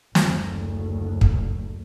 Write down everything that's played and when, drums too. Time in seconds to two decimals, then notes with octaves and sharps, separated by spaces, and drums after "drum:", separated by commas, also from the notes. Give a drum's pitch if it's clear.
0.15 F#1 D2, drum: snare
1.21 drum: kick